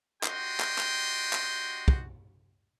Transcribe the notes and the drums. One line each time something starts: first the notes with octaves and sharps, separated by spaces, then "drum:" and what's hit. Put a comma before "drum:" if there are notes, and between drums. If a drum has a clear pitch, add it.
D4 F#4 G4 D#5 G5 C6, drum: clap
drum: clap
drum: clap
drum: clap
drum: kick